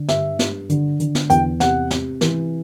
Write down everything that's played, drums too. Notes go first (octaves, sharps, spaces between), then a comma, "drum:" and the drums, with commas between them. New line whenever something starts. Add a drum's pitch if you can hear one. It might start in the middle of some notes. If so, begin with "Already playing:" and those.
Already playing: D3
G2 E5, drum: snare
G2, drum: snare
D3, drum: hi-hat
D3, drum: hi-hat
drum: snare
E2 G5, drum: hi-hat
C3 F#5, drum: snare
C3, drum: snare
E3, drum: snare